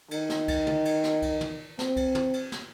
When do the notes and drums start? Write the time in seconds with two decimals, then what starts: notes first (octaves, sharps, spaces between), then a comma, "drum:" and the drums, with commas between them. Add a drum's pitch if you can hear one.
0.11 D#3, drum: cymbal
0.30 drum: snare
0.48 drum: kick C2, cymbal
0.67 drum: tom
0.85 drum: cymbal
1.04 drum: snare
1.22 drum: kick C2, cymbal
1.41 drum: tom
1.79 C4, drum: snare
1.96 drum: kick C2, cymbal
2.15 drum: tom
2.33 drum: cymbal
2.52 drum: snare